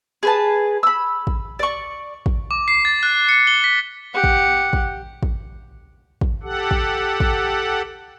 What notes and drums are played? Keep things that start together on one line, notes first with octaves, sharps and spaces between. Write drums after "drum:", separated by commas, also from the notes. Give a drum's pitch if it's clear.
G#4 B4 A5
B5 E6
drum: kick
D5 C#6
drum: kick
D6
C7
A6
F#6
C#7
G7
B6
G4 F#5
drum: kick
drum: kick
drum: kick
drum: kick
G4 A4 F#5
drum: kick
drum: kick